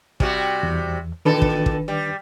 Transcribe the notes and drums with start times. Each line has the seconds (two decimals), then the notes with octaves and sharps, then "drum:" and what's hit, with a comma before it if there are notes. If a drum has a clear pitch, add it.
0.20 C3 G3 F#4, drum: kick
0.63 E2
1.25 E2 A#2 D#3 D4 A4 B4
1.42 drum: kick
1.66 drum: kick
1.88 G3